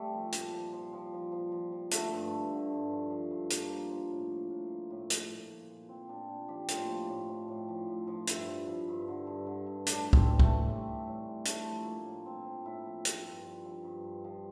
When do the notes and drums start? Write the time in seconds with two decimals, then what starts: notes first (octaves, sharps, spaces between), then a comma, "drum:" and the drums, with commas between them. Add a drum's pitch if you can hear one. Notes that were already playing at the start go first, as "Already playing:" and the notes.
Already playing: G3 A3 C4
0.13 F3
0.32 A#2, drum: hi-hat
0.53 F3
0.73 F3
0.93 F3
1.13 F3
1.32 F3
1.52 F3
1.72 F3
1.91 D3 A3, drum: hi-hat
2.12 G2
2.32 G2
2.51 D3
2.72 G2
2.91 F3
3.11 F3
3.31 G2
3.50 F3 A#3, drum: hi-hat
3.70 F3
3.90 F3
4.11 A2
4.30 F3
4.50 A2
4.70 F3
4.90 A2
5.10 F3, drum: hi-hat
5.30 A#2
5.50 F3
5.70 A#2
5.89 F3 C4
6.09 A#2 D4
6.29 A#2
6.48 F3 G4
6.68 A2 F4, drum: hi-hat
6.88 F3
7.08 A2
7.29 F3
7.48 A2
7.69 F3
7.88 A2
8.07 F3
8.27 G2 E4, drum: hi-hat
8.48 F3
8.67 F3
8.88 G2
9.08 D3
9.27 G2
9.47 D3
9.67 G2
9.87 A2 D4, drum: hi-hat
10.06 E3
10.13 C4, drum: kick
10.27 E3
10.39 A3, drum: kick
10.47 E3
10.66 A2 G3
10.86 A2
11.07 A2
11.25 A2
11.45 A2 A3, drum: hi-hat
11.66 F3
11.85 F3 A#3
12.05 A2
12.26 F3 C4
12.45 F3
12.65 A2 E4
12.86 F3
13.05 F3, drum: hi-hat
13.24 G2
13.45 F3
13.65 F3
13.84 G2
14.04 G2
14.24 F3